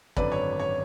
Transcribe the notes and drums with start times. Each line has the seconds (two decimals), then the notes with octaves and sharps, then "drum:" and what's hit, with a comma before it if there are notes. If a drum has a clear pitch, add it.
0.16 G#1 F#2 D3 B4 D5, drum: kick
0.32 C#5
0.60 C#5